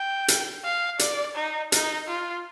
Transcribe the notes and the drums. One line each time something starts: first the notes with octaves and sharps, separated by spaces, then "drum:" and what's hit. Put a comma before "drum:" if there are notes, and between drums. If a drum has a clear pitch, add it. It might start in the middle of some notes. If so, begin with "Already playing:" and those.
Already playing: G5
drum: hi-hat
F5
D5, drum: hi-hat
D#4
D#4, drum: hi-hat
F4